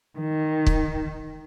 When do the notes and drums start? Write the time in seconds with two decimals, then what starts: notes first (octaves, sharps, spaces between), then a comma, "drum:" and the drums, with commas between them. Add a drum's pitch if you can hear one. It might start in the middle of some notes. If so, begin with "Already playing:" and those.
0.19 D#3
0.67 drum: kick